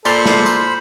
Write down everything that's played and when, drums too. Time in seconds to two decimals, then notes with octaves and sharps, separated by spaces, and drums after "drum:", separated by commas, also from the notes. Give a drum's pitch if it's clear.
0.05 A#2 A4 C5 D5 B5 C6 F6, drum: tambourine
0.26 drum: snare
0.46 drum: tambourine